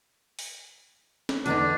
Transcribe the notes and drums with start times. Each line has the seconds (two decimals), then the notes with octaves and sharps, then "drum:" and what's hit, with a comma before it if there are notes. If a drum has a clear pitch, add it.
0.39 drum: open hi-hat
1.29 drum: snare
1.46 E2 D3 D4 D#4, drum: hi-hat